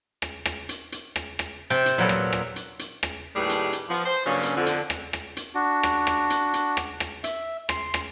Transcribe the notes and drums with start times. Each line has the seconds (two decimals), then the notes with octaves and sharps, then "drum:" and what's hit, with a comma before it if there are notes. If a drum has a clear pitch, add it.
0.22 drum: rim click
0.46 drum: rim click
0.69 drum: hi-hat
0.92 drum: hi-hat
1.16 drum: rim click
1.39 drum: rim click
1.70 C3 G5 A5
1.86 drum: hi-hat
1.98 A#2 F#3 B3 A4
2.09 drum: rim click
2.33 drum: rim click
2.56 drum: hi-hat
2.79 drum: hi-hat
3.03 drum: rim click
3.35 D#2 A2 G3 A3 G#4 B4
3.50 drum: hi-hat
3.73 drum: hi-hat
3.89 F3 B3
4.05 C5
4.25 G2 C#3 F#3 A#3 C#4 D4
4.43 drum: hi-hat
4.56 F2 D3
4.66 drum: hi-hat
4.90 drum: rim click
5.13 drum: rim click
5.37 drum: hi-hat
5.55 D4 F#4
5.83 drum: rim click
6.07 drum: rim click
6.30 drum: hi-hat
6.54 drum: hi-hat
6.77 drum: rim click
7.00 drum: rim click
7.24 E5, drum: hi-hat
7.69 C6, drum: rim click
7.94 drum: rim click